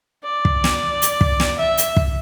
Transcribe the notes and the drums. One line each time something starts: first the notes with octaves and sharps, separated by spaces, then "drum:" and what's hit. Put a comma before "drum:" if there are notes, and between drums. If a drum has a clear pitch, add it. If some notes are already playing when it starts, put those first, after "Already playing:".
D5
drum: kick
drum: snare
drum: hi-hat
drum: kick
drum: snare
E5
drum: hi-hat
drum: kick